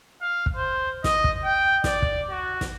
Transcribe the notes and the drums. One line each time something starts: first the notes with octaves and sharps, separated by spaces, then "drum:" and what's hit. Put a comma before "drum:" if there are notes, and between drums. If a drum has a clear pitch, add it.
F5
drum: kick
C5
D#5, drum: snare
drum: kick
G5
D5, drum: snare
drum: kick
F#4
drum: snare